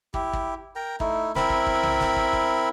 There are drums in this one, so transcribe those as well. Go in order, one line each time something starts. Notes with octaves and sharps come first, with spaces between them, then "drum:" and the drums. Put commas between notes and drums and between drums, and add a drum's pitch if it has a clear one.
E4 G4, drum: kick
drum: kick
A#4 G5 A#5
A3 D#4 E4, drum: kick
C4 E4 A#4 B5, drum: snare
drum: kick
drum: kick
drum: tom B1
drum: snare
drum: kick
drum: kick